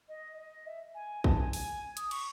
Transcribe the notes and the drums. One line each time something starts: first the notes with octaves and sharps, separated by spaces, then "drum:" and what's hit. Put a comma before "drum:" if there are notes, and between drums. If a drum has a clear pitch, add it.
D#5
D#5
E5
G#5
A5, drum: kick
G#5
G#5, drum: open hi-hat
D#6, drum: hi-hat
C#6, drum: cymbal